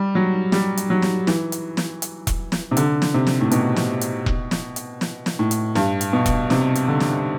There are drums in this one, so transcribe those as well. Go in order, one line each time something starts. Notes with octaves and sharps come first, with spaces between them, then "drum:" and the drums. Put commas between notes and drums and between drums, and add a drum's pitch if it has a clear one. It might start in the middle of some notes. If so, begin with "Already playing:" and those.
Already playing: G3
F#3
G3, drum: snare
drum: hi-hat
F#3
drum: snare
E3, drum: snare
drum: hi-hat
drum: snare
drum: hi-hat
drum: kick E1, hi-hat
drum: snare
C3
D3, drum: hi-hat
drum: snare
C3
drum: snare
A2
B2, drum: hi-hat
drum: snare
drum: hi-hat
drum: kick E1
drum: snare
drum: hi-hat
drum: snare
drum: snare
A2
drum: hi-hat
G2, drum: snare
drum: hi-hat
B2
drum: kick E1, hi-hat
C3, drum: snare
drum: hi-hat
D3
drum: snare